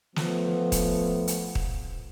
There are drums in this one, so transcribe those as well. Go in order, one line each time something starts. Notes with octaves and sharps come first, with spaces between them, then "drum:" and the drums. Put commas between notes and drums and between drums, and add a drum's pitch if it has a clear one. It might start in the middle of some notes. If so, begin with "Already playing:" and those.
F3 A3 B3, drum: snare
drum: kick D#1, hi-hat
drum: hi-hat
drum: kick D#1